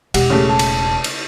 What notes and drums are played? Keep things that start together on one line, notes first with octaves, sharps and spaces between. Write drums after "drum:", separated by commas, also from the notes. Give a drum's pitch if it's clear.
E1 G4 F#5, drum: cymbal
C#3 A3
A5
drum: cymbal
drum: cymbal